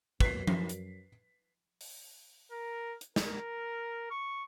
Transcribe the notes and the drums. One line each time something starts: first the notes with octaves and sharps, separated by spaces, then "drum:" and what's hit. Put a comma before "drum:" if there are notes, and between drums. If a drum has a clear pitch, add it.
F#2 B4 B6 C7, drum: kick
drum: tom F3
drum: hi-hat
drum: open hi-hat
A#4
drum: hi-hat
A#4, drum: snare
C#6